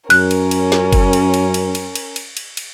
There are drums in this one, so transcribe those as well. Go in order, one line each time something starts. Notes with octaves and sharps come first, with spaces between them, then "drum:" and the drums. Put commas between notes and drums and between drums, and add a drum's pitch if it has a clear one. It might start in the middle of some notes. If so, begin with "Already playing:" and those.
F#2 C#4 A#4 F#6, drum: cymbal
drum: cymbal
drum: cymbal
drum: snare
drum: kick F#1, cymbal
drum: cymbal
drum: cymbal
drum: cymbal
drum: cymbal
drum: cymbal
drum: cymbal
drum: cymbal
drum: cymbal